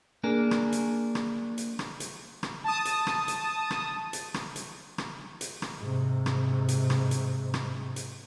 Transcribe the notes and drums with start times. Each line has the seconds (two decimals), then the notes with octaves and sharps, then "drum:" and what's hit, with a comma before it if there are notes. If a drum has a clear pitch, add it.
0.24 A#3 D4 G#4 A#4
0.51 drum: rim click
0.72 drum: hi-hat
1.15 drum: rim click
1.58 drum: hi-hat
1.79 drum: rim click
2.00 drum: hi-hat
2.43 drum: rim click
2.64 A5 D#6
2.85 drum: hi-hat
3.07 drum: rim click
3.28 drum: hi-hat
3.70 drum: rim click
4.13 drum: hi-hat
4.34 drum: rim click
4.56 drum: hi-hat
4.98 drum: rim click
5.41 drum: hi-hat
5.62 drum: rim click
5.78 G#2 C3
6.26 drum: rim click
6.68 drum: hi-hat
6.90 drum: rim click
7.11 drum: hi-hat
7.54 drum: rim click
7.96 drum: hi-hat